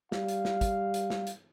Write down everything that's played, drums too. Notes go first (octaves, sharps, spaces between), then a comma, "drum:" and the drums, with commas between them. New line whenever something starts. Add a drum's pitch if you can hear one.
G3 F5, drum: snare
drum: hi-hat
drum: snare
drum: kick, hi-hat
drum: hi-hat
drum: snare
drum: hi-hat